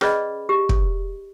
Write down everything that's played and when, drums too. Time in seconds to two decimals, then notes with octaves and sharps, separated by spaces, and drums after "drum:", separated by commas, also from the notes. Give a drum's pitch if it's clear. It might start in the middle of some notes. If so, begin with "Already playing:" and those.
0.01 C#4 G#4 B4 D5 D#5 B5, drum: rim click
0.49 G4
0.69 drum: kick